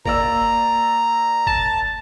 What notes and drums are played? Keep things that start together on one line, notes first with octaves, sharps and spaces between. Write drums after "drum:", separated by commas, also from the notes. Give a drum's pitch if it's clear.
A#3 D5 A#5 E6, drum: kick
A5, drum: kick